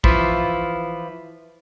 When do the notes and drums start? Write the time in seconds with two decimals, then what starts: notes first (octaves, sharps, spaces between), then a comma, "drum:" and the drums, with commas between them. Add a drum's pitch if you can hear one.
0.04 E3 F3 E4 F4, drum: kick A#1